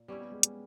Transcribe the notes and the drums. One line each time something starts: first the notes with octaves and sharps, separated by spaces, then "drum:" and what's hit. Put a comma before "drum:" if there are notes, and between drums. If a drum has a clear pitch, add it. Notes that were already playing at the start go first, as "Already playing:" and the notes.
Already playing: A#2
G3 B3 C#4 E4 G4
B3
G#3
G#3, drum: hi-hat